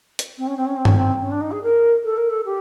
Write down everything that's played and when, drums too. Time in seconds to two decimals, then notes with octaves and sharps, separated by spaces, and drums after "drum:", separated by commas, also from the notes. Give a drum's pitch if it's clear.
0.19 drum: hi-hat
0.38 C4
0.47 C#4
0.57 C4
0.66 C#4
0.76 C4
0.85 C#4, drum: tom G2
0.95 C4
1.21 C#4
1.31 D4
1.41 D#4
1.51 G#4
1.63 A#4
2.04 A4
2.17 A#4
2.30 A4
2.45 G4